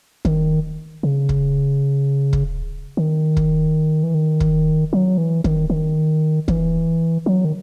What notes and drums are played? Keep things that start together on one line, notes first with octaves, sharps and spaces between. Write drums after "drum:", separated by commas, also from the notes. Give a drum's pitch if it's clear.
D#3, drum: kick
C#3
drum: kick
drum: kick
D#3
drum: kick
E3
D#3
drum: kick
F#3
E3
D#3, drum: kick
D#3
E3, drum: kick
F#3
D#3